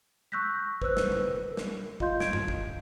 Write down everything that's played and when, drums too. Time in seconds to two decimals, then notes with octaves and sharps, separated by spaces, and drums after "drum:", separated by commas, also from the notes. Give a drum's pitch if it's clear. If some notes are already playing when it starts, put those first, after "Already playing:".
0.32 C#6 E6 F#6 G6 A#6 B6
0.82 B4 C5 E6 F#6, drum: kick
0.97 drum: snare
1.12 drum: tom C#3
1.34 A#4
1.57 drum: snare
2.00 F4 D#5 F5 C6 G6, drum: kick
2.20 G#6 D7, drum: snare
2.33 drum: tom F#2
2.48 drum: kick